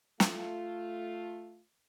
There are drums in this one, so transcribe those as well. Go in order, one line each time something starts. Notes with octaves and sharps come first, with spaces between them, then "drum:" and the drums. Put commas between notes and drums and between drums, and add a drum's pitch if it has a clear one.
A3 F4, drum: snare